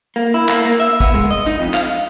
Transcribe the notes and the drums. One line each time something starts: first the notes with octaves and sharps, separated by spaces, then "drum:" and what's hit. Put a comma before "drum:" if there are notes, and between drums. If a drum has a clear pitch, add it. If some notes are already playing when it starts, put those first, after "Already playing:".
A#3
E4
A#3, drum: clap
A#3
E5
B3, drum: kick, hi-hat
G#3
D#5
D#4, drum: hi-hat
F2
F5, drum: clap